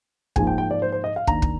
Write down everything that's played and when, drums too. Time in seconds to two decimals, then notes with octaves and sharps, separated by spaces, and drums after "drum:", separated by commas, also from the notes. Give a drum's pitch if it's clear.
0.36 G#2 F3 A#3 D#4 G#5, drum: kick
0.47 G5
0.58 G5
0.71 D5
0.82 C5
0.92 C5
1.04 D#5
1.16 F5
1.27 D#3 A#3 D4 A#5, drum: kick
1.42 drum: kick